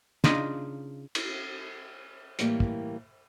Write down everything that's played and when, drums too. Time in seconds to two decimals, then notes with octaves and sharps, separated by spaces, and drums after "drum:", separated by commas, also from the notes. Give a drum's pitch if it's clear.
0.24 C#3 D4 D#4 F4 D#5, drum: snare
1.15 drum: cymbal
2.39 A2 E3 G3 A#3 G4, drum: hi-hat
2.60 drum: kick